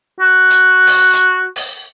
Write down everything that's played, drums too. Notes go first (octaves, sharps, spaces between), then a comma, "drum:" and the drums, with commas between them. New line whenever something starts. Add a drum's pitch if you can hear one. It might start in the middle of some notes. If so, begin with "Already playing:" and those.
F#4
drum: hi-hat
drum: open hi-hat
drum: hi-hat
drum: open hi-hat